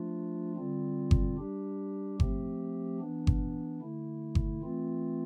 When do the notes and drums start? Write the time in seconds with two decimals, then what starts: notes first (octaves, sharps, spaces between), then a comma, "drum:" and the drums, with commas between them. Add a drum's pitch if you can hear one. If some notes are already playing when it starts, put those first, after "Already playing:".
Already playing: F3 A3 D4 F4
0.56 D3 G3 C4 F4
1.11 drum: kick G1
1.38 G3 D4 G4
2.20 F3 A3 C4 G4, drum: kick G1
3.00 E3 B3 D4
3.27 drum: kick G1
3.81 D3 A3 E4
4.35 drum: kick G1
4.62 E3 A3 C4 F4